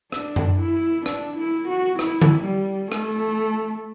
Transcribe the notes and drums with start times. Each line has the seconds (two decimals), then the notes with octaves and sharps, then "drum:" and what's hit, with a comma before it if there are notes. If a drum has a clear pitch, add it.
0.12 D4, drum: rim click
0.36 drum: tom F#2
0.60 E4
1.06 D4, drum: rim click
1.37 E4
1.68 F#4
1.99 E4, drum: rim click
2.22 drum: tom D3
2.45 G3
2.92 A3, drum: rim click